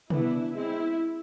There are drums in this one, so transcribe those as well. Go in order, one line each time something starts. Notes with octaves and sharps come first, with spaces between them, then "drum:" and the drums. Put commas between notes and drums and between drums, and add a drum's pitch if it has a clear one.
E3 B3 D4 E4, drum: tom
G#3 C4 E4